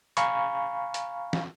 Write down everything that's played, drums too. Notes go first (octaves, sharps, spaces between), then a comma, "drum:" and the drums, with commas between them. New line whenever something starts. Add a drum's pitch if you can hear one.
F5 G#5 A#5 B5 C#6, drum: hi-hat
drum: hi-hat
drum: snare